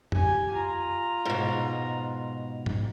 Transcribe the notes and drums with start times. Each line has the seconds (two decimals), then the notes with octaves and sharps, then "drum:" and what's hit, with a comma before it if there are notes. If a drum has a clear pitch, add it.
0.12 G4 G#5, drum: tom F2
0.53 F4 A#5
1.25 G#2 B2
2.66 drum: tom